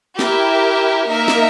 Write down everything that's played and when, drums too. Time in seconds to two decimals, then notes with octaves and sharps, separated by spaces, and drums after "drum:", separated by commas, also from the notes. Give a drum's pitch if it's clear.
0.19 E4 G4 A#4 E5, drum: snare
1.08 A#3 D#4 A#4 E5
1.28 drum: snare